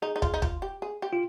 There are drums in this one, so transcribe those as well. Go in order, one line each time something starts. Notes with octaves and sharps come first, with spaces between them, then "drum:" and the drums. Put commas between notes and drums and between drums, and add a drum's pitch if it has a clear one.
D#4 G#4
D#4
F4, drum: kick
D#4
F4, drum: kick
G4
G#4
G4
F4